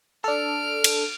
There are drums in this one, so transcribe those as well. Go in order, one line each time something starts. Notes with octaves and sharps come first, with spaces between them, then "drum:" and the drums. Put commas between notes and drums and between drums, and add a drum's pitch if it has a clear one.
D4 A4 F6 D7
drum: cymbal